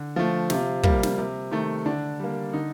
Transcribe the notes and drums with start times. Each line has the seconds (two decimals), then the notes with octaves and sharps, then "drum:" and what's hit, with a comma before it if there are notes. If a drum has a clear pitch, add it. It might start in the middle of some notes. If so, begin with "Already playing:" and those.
Already playing: D3
0.16 F3 A3
0.50 C3 F4, drum: snare
0.84 G3 A#3, drum: kick
1.03 drum: snare
1.18 C3
1.51 D#3 A3
1.86 D3 D4
2.20 G3 A#3
2.53 D3 D#4